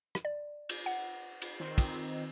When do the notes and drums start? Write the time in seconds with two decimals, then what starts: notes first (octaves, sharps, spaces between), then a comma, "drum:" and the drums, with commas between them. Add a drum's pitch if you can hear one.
0.15 drum: rim click
0.25 D5
0.69 drum: cymbal
0.86 F#5
1.42 drum: cymbal
1.60 D#3 C4
1.78 drum: kick, cymbal